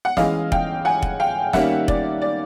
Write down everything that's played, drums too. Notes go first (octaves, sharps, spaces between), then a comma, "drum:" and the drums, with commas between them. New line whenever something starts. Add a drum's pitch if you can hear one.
F#5
E3 G#3 C#4 D#5 F5, drum: snare
F5 G5, drum: kick F1
F#5 G#5
drum: kick F1
F5 G5
D#3 G3 A#3 C#4 E5 F#5, drum: snare
D5, drum: kick F1
D5